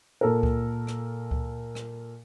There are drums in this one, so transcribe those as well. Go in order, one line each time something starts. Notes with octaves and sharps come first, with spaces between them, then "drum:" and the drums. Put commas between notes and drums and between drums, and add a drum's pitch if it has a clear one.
A#2 A4 A#4
drum: kick C#2
drum: rim click
drum: kick C#2
drum: rim click